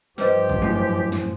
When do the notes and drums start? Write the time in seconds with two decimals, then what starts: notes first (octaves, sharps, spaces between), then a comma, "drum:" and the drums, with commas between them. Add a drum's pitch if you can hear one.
0.18 G2 F3 G4 B4 C5 D#5, drum: snare
0.49 drum: kick G1
0.62 F#2 A2
1.12 drum: snare